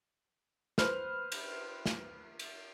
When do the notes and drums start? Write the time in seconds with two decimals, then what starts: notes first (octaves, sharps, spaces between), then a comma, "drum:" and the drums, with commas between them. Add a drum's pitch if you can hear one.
0.78 B4 C5 F6, drum: snare
1.32 drum: cymbal
1.86 drum: snare
2.39 drum: cymbal